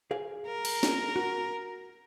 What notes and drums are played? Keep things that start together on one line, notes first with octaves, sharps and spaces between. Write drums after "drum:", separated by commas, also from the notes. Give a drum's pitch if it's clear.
G#4 F5
A#4
drum: cymbal
drum: snare
F#4